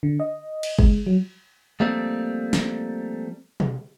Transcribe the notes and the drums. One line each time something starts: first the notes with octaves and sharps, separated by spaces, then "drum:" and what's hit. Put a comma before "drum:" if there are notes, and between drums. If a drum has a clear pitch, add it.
D3
D#5
drum: cymbal
G#3, drum: kick
F#3
F3 G3 A3 A#3 C4
drum: snare
drum: tom B2